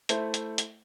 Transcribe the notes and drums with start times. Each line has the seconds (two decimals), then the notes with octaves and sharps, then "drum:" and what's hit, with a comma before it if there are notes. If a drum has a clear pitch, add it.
0.09 A3 E4 A4 C5, drum: hi-hat
0.34 drum: hi-hat
0.58 drum: hi-hat